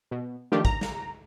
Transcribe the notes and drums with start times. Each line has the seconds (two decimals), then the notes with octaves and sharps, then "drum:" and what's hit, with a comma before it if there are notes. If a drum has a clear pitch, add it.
0.11 B2
0.52 D#3 F3 A3 D4 F4 G4
0.65 A#5, drum: kick
0.81 drum: snare